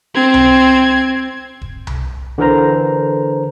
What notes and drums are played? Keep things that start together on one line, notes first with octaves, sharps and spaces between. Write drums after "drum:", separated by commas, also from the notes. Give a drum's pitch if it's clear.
C4 G#6
drum: tom C2
drum: kick D#1
drum: tom C2
D3 E3 A4 A#4 C5 A#5